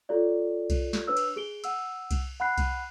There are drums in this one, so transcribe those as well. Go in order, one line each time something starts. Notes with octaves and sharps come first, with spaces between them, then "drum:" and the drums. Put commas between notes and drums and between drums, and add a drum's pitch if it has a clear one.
F4 A4 C#5 D5
drum: kick C2, cymbal
drum: snare
D4 B4 C#5 E6 F6
drum: cymbal
G#4 D7 G7
F#5 E6, drum: cymbal
drum: kick C2, cymbal
F#5 B5 F#6 C7
drum: kick C2, cymbal